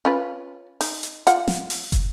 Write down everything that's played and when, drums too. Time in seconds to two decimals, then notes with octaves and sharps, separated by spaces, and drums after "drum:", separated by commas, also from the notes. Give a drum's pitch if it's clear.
0.05 C#4 F4 B4
0.81 D#4, drum: open hi-hat
1.03 drum: hi-hat
1.27 F4 F#5, drum: hi-hat
1.48 drum: snare
1.70 drum: open hi-hat
1.92 drum: kick, hi-hat